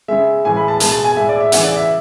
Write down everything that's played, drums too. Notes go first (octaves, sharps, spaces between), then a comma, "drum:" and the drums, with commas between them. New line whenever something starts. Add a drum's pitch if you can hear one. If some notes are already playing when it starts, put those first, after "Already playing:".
C#3 G#3 E5
A2 E3 G#3 G#5
B5
A5
B2 G#3 A5, drum: hi-hat
A5
G#5
A2 G#3 E5
D5
E5
C#3 E3 G#3 F#5, drum: hi-hat
D5
E5